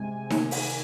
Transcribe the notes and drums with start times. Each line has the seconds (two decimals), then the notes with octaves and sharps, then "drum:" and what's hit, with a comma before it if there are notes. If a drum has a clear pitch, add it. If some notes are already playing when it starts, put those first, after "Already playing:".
Already playing: C3 G#3 G#5
0.30 D#3, drum: snare D#4
0.51 drum: open hi-hat